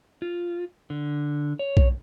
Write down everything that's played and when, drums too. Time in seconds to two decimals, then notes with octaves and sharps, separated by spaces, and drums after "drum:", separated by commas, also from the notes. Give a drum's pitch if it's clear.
0.22 F4
0.90 D3
1.59 C#5
1.77 drum: kick B1